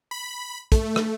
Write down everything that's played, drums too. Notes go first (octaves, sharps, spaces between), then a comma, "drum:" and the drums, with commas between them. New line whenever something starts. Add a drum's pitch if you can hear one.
B5
A3, drum: kick, hi-hat
drum: rim click